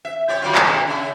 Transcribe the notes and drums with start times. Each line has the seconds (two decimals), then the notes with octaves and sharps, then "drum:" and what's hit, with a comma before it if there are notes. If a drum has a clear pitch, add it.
0.05 E5
0.28 E4 G4 C#5
0.42 D#3 F#3 F4
0.55 drum: clap
0.64 G2 B2
0.87 C#3 E4